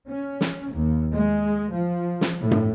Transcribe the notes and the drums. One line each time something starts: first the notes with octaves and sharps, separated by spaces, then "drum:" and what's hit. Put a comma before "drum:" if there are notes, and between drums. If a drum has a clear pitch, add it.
C#4
drum: snare
D#2
G#3
F3
drum: snare
A2
drum: tom G2